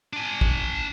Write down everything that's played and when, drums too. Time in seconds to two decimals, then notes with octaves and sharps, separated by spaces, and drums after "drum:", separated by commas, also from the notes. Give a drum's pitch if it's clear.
0.13 D4 G#5
0.41 drum: kick